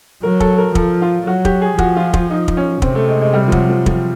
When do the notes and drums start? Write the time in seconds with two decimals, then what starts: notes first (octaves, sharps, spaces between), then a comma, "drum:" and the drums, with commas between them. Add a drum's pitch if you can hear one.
0.23 F#3 A#4
0.40 A4, drum: kick
0.58 A#4
0.75 F3 A4, drum: kick
1.02 F4
1.27 F#3 F#4
1.45 G4, drum: kick
1.62 G#4
1.78 F3 F#4, drum: kick
1.97 F4
2.13 F4, drum: kick
2.30 D#4
2.48 drum: kick
2.57 C#4
2.82 C3 C4, drum: kick
2.95 A3
3.08 G#3
3.21 G#3
3.34 G3
3.48 F3
3.52 F#3, drum: kick
3.69 F3
3.86 F3, drum: kick